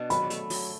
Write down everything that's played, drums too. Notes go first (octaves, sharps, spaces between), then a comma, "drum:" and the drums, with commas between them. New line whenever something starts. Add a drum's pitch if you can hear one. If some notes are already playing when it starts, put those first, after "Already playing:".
Already playing: B2 D4
F#3 B5, drum: hi-hat
A3, drum: hi-hat
F#3, drum: open hi-hat